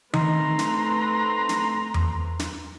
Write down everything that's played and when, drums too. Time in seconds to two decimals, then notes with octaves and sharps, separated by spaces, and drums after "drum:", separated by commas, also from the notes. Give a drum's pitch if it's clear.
0.14 A3 C4 D#4 B4 A#5 C6, drum: tom D#3
0.59 drum: snare
1.49 drum: snare
1.94 drum: tom E2
2.39 drum: snare